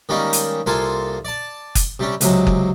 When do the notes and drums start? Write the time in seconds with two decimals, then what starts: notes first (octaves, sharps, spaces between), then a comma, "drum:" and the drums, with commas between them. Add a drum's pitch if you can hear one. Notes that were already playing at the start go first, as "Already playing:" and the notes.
0.09 D#3 G3 G#3 A#3 C#4 D#4
0.33 drum: hi-hat
0.66 C2 A#3 F4 A4 G#5 C6
1.25 D5 A5
1.75 drum: kick F#1, hi-hat
1.99 C3 G3 C#4
2.21 C#2 C3 F#3 G#3, drum: hi-hat
2.47 drum: kick F#1